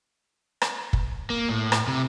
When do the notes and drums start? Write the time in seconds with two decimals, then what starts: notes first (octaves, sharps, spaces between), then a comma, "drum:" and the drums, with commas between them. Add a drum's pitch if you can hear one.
0.62 drum: rim click
0.93 drum: kick
1.30 A#3
1.49 A2
1.72 drum: rim click
1.88 C3